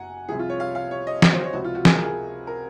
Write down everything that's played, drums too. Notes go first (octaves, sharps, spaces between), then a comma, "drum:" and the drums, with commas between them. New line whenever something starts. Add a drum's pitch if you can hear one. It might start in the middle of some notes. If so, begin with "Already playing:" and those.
Already playing: F#1 F#2 F#5 G#5 A#5
C2 C3 F3 G#4
F4
C#5
F5
F5
C#5
D#5
F#4, drum: snare
C5
C#5
C#2 C3 F3 F#4
F4
F#4
G#4, drum: snare
A#4
G#4
A#4